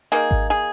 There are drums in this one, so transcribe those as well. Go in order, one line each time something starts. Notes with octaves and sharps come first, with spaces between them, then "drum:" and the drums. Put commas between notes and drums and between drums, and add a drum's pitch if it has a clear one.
D#3 F#3 A#3 G#4
drum: kick G#1
G#4